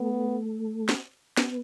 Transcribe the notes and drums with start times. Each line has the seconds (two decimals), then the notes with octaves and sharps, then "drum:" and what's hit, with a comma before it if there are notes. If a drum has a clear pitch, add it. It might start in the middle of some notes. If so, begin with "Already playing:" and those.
Already playing: A3 B3
0.89 drum: snare
1.37 B3, drum: snare